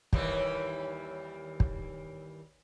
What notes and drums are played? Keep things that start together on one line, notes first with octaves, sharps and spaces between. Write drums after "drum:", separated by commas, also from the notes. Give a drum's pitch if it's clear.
D#2 E3 G3, drum: kick
drum: kick